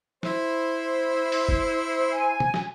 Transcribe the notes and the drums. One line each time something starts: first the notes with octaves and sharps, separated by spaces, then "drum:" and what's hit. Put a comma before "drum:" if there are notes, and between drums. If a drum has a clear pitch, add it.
E4 C5, drum: snare
drum: open hi-hat
drum: kick F1
G#5
drum: tom
drum: snare